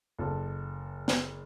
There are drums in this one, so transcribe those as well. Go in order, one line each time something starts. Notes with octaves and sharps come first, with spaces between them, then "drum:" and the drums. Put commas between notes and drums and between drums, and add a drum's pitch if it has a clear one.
F#1 A4
drum: snare